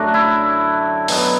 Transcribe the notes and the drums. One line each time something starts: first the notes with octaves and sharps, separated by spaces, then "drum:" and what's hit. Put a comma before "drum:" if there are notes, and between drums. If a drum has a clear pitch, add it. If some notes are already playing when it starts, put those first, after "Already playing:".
Already playing: F#2 D3 F#3 A3 D4 F#4
E4
B2 F#3 B3, drum: open hi-hat